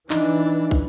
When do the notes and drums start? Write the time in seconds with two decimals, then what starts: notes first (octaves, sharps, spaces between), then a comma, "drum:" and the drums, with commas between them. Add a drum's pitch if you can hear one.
0.10 E3 D4 D#4, drum: clap
0.71 drum: kick